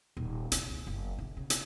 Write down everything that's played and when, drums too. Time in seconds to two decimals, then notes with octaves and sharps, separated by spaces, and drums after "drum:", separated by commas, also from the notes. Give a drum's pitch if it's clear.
0.17 D#1
0.52 C#3, drum: hi-hat
0.70 D2
0.87 F#1
1.19 D3
1.37 C#3
1.50 drum: hi-hat